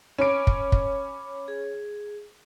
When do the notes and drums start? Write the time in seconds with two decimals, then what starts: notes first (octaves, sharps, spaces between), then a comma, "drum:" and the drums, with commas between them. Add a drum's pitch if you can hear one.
0.18 C#4 B5 D6 D7
0.47 drum: kick
0.72 drum: kick
1.48 G#4